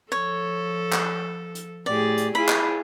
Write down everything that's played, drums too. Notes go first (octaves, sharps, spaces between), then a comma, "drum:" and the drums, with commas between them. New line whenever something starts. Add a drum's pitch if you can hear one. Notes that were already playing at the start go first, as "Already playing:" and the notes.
F3 A4 C#5
drum: clap
drum: hi-hat
A2 G4 G#4 D5
drum: hi-hat
E4 F4 G#4 B5
drum: clap